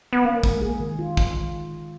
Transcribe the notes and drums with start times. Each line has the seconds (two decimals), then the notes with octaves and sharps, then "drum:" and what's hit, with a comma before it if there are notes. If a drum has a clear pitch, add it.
0.13 B3
0.24 A#3 C#4
0.43 G#3, drum: kick
0.62 G#4
0.80 D#3
0.99 F4
1.17 drum: kick